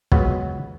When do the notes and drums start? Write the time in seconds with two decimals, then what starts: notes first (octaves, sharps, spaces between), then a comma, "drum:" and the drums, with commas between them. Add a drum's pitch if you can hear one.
0.12 C#2 C#3 F#3 B3, drum: kick